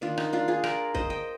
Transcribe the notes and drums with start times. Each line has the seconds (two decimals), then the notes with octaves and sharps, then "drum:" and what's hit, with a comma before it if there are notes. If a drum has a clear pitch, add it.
0.01 D#3 A#3 D4 F4
0.18 D#4, drum: rim click
0.33 D4 F4
0.48 F4 G#4
0.64 A#4 D5, drum: rim click
0.95 C5 D#5, drum: kick C2
1.10 D#5 G5